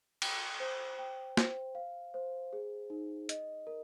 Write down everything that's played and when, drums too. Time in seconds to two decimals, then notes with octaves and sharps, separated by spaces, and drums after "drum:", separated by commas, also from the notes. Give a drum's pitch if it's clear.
0.22 G5, drum: cymbal
0.60 C5
0.99 G5
1.37 C5, drum: snare
1.75 F5
2.14 C5
2.53 G#4
2.90 D#4
3.29 D#5, drum: hi-hat
3.67 A#4